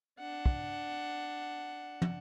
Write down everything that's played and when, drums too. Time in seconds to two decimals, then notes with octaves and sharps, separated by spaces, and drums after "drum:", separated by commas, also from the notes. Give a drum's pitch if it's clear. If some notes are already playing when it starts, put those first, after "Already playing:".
0.20 D4 F#5
0.46 drum: kick
2.02 drum: tom